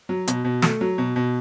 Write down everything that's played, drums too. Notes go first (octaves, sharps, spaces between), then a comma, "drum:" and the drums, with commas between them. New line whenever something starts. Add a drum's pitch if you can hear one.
F#3
B2, drum: hi-hat
B2
A3, drum: snare
F#3
B2
B2